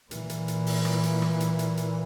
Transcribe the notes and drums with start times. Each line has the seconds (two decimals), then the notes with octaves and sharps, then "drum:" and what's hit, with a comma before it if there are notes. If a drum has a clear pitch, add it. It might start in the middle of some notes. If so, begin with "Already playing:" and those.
0.11 A#2 E3, drum: hi-hat
0.29 drum: hi-hat
0.48 drum: hi-hat
0.66 drum: open hi-hat
0.85 drum: rim click
1.03 drum: hi-hat
1.22 drum: rim click
1.40 drum: hi-hat
1.59 drum: hi-hat
1.77 drum: hi-hat